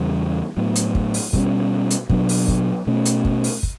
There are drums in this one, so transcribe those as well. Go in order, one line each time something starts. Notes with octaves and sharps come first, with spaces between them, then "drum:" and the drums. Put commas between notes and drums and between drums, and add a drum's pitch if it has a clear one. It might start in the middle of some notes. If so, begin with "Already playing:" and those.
Already playing: E2 C#3 E3 G3
A2 F#3 B3
drum: hi-hat
drum: kick
drum: open hi-hat
B2 G3 C#4, drum: kick
drum: hi-hat
B2 F#3 B3 D4, drum: kick
drum: open hi-hat
drum: kick
B2 A3 C#4
drum: hi-hat
drum: kick
drum: open hi-hat
drum: kick